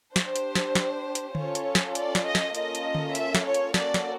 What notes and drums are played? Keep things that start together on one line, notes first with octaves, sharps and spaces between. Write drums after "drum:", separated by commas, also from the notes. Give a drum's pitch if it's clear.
D4 G4 C5, drum: snare
drum: hi-hat
drum: snare
drum: snare
drum: hi-hat
C#4 F4 A4 C#5, drum: tom D3
drum: hi-hat
drum: snare
D5, drum: hi-hat
drum: snare
D#5
drum: snare
A#3 C#4 F4 A4 D#5, drum: hi-hat
drum: hi-hat
drum: tom D3
E5, drum: hi-hat
drum: snare
C#5
drum: hi-hat
A#3 C#4 F#4 A4 D5, drum: snare
drum: snare